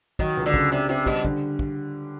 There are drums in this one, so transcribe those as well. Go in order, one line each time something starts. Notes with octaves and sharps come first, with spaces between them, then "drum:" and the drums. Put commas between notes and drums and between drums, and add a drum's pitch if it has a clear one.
D#3 F#3, drum: kick
C#2
D3
C#3, drum: kick
C3 D4
C3 G4
B2 G3, drum: kick
D3, drum: kick
drum: kick